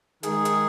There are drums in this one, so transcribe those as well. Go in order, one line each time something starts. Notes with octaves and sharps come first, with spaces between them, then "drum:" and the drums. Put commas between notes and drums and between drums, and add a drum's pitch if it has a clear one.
D#3 G#3 G#4, drum: hi-hat
drum: hi-hat